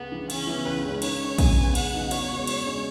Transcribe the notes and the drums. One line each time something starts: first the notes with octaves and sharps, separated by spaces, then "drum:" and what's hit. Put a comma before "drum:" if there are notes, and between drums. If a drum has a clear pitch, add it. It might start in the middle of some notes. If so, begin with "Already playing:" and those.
Already playing: C#2 B3
C#3 E3
C#3 C#4, drum: cymbal
E3 B3 E4
C#2 B4
C#3 G#3 C#4
D#3 C#5, drum: cymbal
G#3 C#4
C#3 G#5, drum: kick A#1, cymbal
G#3 B3
C#3 F#5, drum: cymbal
F#3 B3 D#4 F#4
E2 C#5, drum: cymbal
C#3 G#3 B3 F#4
E2, drum: cymbal
C#3 G#3 C#4